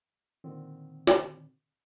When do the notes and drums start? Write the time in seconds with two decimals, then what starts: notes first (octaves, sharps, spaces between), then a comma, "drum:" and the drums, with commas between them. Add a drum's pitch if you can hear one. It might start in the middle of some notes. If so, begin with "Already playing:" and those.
0.44 A#2 D3 D#3 C4
1.07 drum: snare